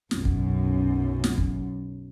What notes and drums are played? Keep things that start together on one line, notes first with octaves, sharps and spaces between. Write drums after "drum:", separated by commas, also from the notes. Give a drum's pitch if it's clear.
B1 F#2, drum: snare
drum: kick
drum: snare
drum: kick